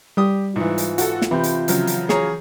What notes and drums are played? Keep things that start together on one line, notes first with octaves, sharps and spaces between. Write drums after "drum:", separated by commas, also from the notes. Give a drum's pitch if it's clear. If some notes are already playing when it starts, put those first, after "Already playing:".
G3 G4 D#6
G#2 E3 F4
drum: hi-hat
F#4 A4, drum: hi-hat
drum: snare
C3 E3 B5 G6
drum: hi-hat
C#3 F3 F#3, drum: hi-hat
drum: hi-hat
G#4 C#5 A#5, drum: snare